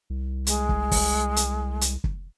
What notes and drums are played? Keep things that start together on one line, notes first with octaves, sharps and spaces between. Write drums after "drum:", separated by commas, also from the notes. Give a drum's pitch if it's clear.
C2
G#3, drum: hi-hat
drum: kick
drum: kick, open hi-hat
drum: hi-hat
drum: hi-hat
drum: kick